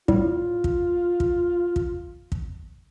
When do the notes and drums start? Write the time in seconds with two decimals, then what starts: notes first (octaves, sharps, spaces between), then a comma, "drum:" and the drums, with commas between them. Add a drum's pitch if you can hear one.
0.08 A2 G3 F4, drum: kick
0.64 drum: kick
1.20 drum: kick
1.76 drum: kick
2.32 drum: kick